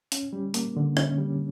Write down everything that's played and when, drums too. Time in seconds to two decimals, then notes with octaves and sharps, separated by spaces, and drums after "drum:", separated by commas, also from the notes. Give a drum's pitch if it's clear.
0.12 C#4, drum: hi-hat
0.33 G3
0.54 A#3, drum: hi-hat
0.77 D3
0.97 C#4, drum: rim click
1.18 G3